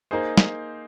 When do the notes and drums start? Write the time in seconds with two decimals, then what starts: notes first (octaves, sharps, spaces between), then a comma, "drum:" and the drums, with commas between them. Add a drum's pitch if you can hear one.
0.11 A#3 D#4 G#4 C5
0.37 drum: snare